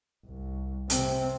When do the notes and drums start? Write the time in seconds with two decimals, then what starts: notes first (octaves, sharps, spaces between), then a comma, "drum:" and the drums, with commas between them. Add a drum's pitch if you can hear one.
0.25 C2
0.90 C3 C4, drum: hi-hat